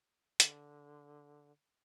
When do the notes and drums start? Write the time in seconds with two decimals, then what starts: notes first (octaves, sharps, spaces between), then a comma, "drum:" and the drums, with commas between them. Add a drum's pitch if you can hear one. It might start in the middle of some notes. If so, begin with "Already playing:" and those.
0.40 D3, drum: hi-hat